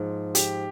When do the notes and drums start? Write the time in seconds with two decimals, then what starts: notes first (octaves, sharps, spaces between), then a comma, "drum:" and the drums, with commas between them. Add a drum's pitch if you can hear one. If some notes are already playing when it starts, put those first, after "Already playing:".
Already playing: G#2 F3
0.35 G4, drum: hi-hat